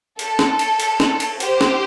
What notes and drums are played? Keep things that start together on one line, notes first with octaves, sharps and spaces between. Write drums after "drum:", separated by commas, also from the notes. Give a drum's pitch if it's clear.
A4, drum: cymbal
drum: snare
drum: cymbal
drum: cymbal
drum: snare
drum: cymbal
G4 C5, drum: cymbal
drum: snare